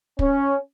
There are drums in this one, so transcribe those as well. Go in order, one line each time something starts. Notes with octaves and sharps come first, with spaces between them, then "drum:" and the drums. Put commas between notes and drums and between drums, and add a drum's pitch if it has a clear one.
C#4, drum: kick